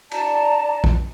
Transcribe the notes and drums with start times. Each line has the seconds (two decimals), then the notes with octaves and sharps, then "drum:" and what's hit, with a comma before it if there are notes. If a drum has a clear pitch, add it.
0.11 D5 A5 A#5, drum: cymbal
0.84 drum: kick A#1